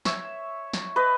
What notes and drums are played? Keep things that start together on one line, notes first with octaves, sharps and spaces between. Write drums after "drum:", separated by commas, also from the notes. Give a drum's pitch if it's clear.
C#5 E5, drum: snare
drum: snare
B4 D#5